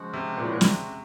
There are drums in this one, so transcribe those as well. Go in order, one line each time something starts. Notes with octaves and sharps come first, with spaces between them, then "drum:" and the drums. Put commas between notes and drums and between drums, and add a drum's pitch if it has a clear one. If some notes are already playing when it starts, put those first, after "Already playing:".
Already playing: C#3 F3 G#3 C#4 F#4
C3
A#2
A2
A#2
C3, drum: snare